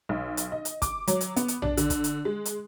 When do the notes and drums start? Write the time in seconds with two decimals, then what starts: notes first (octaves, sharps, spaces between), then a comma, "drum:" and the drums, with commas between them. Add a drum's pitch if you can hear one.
0.09 B1
0.37 drum: hi-hat
0.52 D#5
0.65 drum: hi-hat
0.82 D6, drum: kick, hi-hat
1.07 F#3, drum: hi-hat
1.21 drum: hi-hat
1.36 B3, drum: hi-hat
1.48 drum: hi-hat
1.62 D4, drum: tom A#1
1.77 D3, drum: hi-hat
1.90 drum: kick, hi-hat
2.04 drum: hi-hat
2.25 G#3
2.45 drum: hi-hat